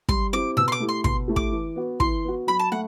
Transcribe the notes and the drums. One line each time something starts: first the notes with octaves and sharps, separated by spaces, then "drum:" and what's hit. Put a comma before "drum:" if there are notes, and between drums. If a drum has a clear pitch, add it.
G3 C6, drum: kick
C4 E4 G4 D6
B2 E6
C6
D6
A3 E4 G4
C6
B2 C6, drum: kick
A3 E4 G4
D6, drum: kick
E3
B3 F#4
E3 C6, drum: kick
B3 F#4
F#3 B5
A5
A3 F#5